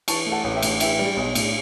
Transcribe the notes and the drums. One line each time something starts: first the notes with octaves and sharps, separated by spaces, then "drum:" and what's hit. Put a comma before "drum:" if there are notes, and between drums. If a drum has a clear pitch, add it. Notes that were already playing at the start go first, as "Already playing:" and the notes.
E3 A5 C#6, drum: cymbal
A3
F#5 A5
A1
E5 G5
A2, drum: cymbal
E3 E5 G5, drum: cymbal
G3
B1
A2, drum: cymbal